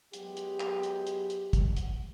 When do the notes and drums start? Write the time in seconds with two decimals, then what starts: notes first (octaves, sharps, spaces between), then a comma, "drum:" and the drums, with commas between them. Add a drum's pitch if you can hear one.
0.13 F#3 G#3 B3 G4, drum: hi-hat
0.37 drum: hi-hat
0.60 drum: clap
0.83 drum: hi-hat
1.07 drum: hi-hat
1.30 drum: hi-hat
1.53 drum: kick, hi-hat
1.77 drum: hi-hat